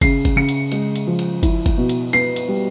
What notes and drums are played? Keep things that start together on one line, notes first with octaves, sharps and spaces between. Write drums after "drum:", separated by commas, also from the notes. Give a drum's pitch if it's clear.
C#3 C7, drum: kick G1, cymbal
drum: kick G1, cymbal
C#3 C#7
drum: cymbal
G#3, drum: cymbal
drum: cymbal
F3
drum: cymbal
E4, drum: kick G1, cymbal
drum: kick G1, cymbal
B2
drum: cymbal
B3 C7, drum: cymbal
drum: cymbal
G3